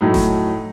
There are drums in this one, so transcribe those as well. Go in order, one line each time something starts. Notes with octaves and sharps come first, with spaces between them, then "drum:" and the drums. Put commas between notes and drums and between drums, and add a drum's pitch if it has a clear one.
A2 F#3 A3 D#4
drum: snare E1